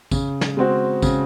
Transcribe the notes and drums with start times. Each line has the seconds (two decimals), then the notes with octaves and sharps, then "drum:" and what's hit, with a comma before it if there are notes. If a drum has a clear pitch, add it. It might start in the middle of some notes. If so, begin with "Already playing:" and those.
0.11 C#3, drum: kick A1, tambourine
0.41 drum: snare
0.57 G#3 C4 F#4
1.02 C#3, drum: kick A1, tambourine